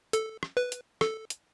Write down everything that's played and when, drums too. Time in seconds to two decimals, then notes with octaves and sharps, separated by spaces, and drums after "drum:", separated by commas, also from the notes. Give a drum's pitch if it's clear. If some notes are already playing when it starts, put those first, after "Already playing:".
0.13 A4, drum: hi-hat
0.43 drum: rim click
0.57 B4
0.72 drum: hi-hat
1.01 A4, drum: rim click
1.30 drum: hi-hat